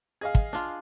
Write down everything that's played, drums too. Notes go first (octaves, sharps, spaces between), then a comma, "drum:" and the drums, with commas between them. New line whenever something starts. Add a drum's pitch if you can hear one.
G#4 D#5 F5
drum: kick
D4 F4